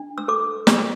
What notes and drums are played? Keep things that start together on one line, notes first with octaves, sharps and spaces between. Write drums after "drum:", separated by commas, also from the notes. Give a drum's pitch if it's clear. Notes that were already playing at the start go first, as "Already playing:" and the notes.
Already playing: D4
E6
A4 D6
drum: snare